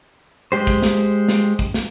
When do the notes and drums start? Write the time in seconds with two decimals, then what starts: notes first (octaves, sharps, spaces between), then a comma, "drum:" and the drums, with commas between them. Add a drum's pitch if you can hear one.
0.52 G#3 G4 C5
0.67 drum: kick
0.82 drum: snare
1.28 drum: snare
1.59 drum: kick
1.74 drum: snare